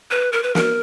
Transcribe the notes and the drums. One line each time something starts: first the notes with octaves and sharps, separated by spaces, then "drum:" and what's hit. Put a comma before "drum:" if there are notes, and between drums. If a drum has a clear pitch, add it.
B4
A#4
B4
A#4, drum: snare